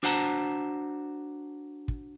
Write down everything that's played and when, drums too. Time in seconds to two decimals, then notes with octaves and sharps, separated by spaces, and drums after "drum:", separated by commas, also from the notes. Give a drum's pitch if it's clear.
0.03 D4 F#4 C5 F#5 A5 A#5, drum: hi-hat
1.88 drum: kick